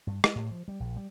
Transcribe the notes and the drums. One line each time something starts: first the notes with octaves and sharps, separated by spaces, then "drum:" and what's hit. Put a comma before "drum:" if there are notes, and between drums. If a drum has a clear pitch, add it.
G2
G#3, drum: rim click
A2
F3
G3
A#1
G3